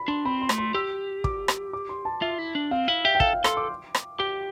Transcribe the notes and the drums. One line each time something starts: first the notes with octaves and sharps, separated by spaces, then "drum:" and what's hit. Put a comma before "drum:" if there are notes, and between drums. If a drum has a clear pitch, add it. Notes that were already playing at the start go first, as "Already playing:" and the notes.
Already playing: B5
D4 C6
C4 B5
C6
A3, drum: rim click
C6
G4 E6
D6, drum: kick
drum: rim click
D6
C6
A5
F4 E5
E4
D4
C4 F5
E4 F5
G4 E5
G5
A4 F5, drum: kick
F5
A4 C6, drum: rim click
D6
drum: rim click
G4 D6